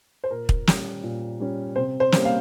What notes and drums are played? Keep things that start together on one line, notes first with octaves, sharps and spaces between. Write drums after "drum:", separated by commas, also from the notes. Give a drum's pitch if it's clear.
C5
A#2 A#4
drum: kick
G3 C#4, drum: snare
A#2
G3 C#4
C3 C5
C5
G3 A#3 C#4, drum: snare
F5